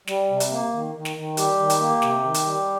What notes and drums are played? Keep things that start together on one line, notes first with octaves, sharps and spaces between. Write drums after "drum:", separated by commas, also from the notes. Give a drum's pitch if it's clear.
G3, drum: snare
C3
drum: hi-hat
A#3
D#3
D#3
drum: snare
D#3
G3 G4, drum: hi-hat
D#3
drum: hi-hat
A#3
C3, drum: snare
D#3
drum: hi-hat
G3